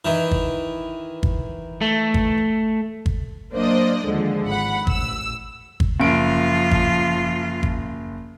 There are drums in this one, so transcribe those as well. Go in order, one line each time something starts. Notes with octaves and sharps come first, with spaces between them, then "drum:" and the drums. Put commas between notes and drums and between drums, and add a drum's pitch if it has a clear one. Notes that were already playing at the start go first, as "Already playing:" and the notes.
D#3 E3
drum: kick G1
drum: kick G1
A3
drum: kick G1
drum: kick G1
F#3 A#3 D4 C5 D5 D#5
D#2 D3 F3 G#3
G#1 F#5 B5
A1 E6, drum: kick G1
drum: kick G1
F#1 F3 F4 D7
drum: kick G1
drum: kick G1